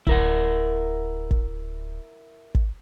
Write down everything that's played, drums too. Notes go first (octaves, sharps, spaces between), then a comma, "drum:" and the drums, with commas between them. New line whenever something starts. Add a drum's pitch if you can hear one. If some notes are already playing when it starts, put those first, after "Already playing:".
D1 E4 A#4 F#5, drum: kick
drum: kick
drum: kick